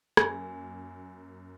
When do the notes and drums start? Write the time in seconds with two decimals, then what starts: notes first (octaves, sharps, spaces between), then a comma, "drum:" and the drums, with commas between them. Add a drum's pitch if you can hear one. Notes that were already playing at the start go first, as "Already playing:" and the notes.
0.17 F#2 A#3 G#5, drum: rim click